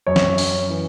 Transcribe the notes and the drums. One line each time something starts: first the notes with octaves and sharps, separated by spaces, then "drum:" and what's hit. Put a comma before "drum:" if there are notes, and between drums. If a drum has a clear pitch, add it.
F#2 C#5
drum: snare
C#4, drum: open hi-hat
E3